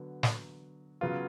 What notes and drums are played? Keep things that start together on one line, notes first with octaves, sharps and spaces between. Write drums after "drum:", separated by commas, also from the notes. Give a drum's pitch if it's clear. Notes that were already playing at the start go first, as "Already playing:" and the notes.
Already playing: D3 F#3 B3
drum: snare
C#3 F#3 B3 F4